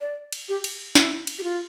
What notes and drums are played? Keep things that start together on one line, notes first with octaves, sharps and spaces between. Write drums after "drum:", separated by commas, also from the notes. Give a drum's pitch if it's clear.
D5
drum: cymbal
G4
drum: cymbal
E4, drum: snare
drum: cymbal
G4
F4